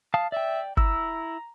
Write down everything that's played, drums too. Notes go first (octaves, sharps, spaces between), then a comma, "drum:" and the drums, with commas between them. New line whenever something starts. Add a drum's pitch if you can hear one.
F5 A5 D#6
D5 E5 G5
E4 A#5 E6, drum: kick G1